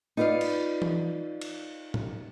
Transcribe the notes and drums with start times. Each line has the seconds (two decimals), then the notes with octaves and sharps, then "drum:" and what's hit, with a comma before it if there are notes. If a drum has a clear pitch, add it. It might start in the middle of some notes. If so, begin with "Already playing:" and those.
0.17 D#4 F4 B4 D5 F5
0.41 drum: cymbal
0.82 drum: tom E3
1.41 drum: cymbal
1.94 drum: tom A2